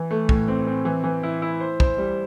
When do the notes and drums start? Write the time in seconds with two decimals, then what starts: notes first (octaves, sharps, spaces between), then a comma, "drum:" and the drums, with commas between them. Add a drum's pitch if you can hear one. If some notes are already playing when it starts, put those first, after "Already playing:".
Already playing: E3
0.11 A3
0.29 A2, drum: kick
0.48 C4
0.67 C4
0.85 E3
1.04 E3
1.23 E4
1.42 E4
1.60 C5
1.80 C5, drum: kick
1.98 G3